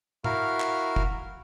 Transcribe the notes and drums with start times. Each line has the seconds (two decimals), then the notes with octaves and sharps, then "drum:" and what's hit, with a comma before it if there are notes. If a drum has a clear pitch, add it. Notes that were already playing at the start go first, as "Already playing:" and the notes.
0.24 E4 F#4 A#4 F5 F6, drum: tom A2
0.60 drum: clap
0.96 drum: kick